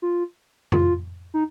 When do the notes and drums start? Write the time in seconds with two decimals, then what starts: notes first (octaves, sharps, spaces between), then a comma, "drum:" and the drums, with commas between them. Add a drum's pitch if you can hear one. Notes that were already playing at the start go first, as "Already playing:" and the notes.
0.02 F4
0.72 F4, drum: tom F2
1.34 D#4